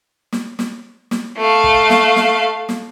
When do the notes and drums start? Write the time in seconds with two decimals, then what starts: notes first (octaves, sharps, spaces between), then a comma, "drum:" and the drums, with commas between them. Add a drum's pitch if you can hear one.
0.32 drum: snare
0.59 drum: snare
1.11 drum: snare
1.37 A3 F5
1.64 drum: kick
1.90 drum: snare
2.16 drum: snare
2.69 drum: snare